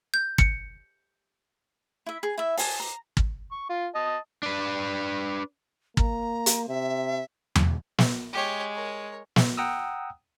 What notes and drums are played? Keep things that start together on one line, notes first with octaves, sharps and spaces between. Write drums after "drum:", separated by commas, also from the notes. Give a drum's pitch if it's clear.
G6
C#7, drum: kick
E4 E5
G#4
E4 E5
G#5 A5, drum: open hi-hat
A#5
drum: kick
C#6
F4
D#5 A5 D#6
D4 B4
A#3 A#5, drum: kick
drum: hi-hat
C3 E5
drum: tom E2
drum: snare
G#3 G4 C#5
A#4 C#5
drum: snare
F#5 G5 A#5 D#6 E6